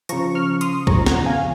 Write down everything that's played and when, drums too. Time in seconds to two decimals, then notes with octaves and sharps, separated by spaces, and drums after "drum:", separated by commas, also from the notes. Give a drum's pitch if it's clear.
0.09 C#3 F3 A#5 C#6, drum: hi-hat
0.35 C#6 F6
0.61 C6 D#6, drum: hi-hat
0.87 C#3 F3 A#5 C#6, drum: kick
1.06 F#5 A#5, drum: snare
1.26 F5 G#5